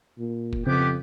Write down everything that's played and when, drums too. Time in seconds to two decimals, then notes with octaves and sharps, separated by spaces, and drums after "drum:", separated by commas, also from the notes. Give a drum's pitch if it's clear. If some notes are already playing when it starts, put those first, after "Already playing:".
0.19 A#2
0.53 drum: kick F1
0.66 F2 C#3 B3 C4 G4 C5 D6